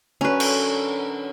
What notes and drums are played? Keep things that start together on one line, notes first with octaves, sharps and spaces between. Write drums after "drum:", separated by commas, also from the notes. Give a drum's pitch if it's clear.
D3 F#3 C#4 A#4 B4
drum: cymbal